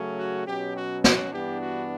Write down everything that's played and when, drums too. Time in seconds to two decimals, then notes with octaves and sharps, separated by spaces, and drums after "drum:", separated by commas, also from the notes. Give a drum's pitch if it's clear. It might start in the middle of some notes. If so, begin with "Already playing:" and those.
Already playing: C#3 F#3 A3 C#4
0.17 F#4
0.46 B2 F#3 C#4 G4
0.76 F#4
1.04 F#4, drum: snare
1.32 G2 E3 B3 D4 G4
1.61 F#4